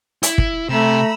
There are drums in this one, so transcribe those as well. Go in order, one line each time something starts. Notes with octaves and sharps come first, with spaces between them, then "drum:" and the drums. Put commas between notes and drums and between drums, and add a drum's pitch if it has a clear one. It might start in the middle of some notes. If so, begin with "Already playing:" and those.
E4, drum: hi-hat
drum: kick
C3 A3 A#5 B5 E6